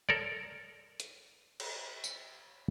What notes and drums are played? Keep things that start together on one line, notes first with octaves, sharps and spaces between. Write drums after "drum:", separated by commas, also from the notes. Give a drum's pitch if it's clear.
A4 A#4 C#5 D5
drum: hi-hat
drum: cymbal
drum: tambourine